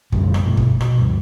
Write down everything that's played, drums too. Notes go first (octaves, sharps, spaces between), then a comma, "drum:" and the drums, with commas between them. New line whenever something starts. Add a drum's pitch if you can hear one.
F#2 D3 F3 G3, drum: kick
drum: rim click
G2 B2 G#3
drum: kick
B2, drum: rim click
D2 G2